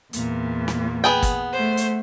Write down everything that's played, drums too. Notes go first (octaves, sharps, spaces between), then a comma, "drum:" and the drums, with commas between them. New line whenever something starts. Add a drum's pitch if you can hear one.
E2 A#2, drum: hi-hat
drum: snare
B3 G#4 G5
drum: kick, hi-hat
A3 C5
drum: hi-hat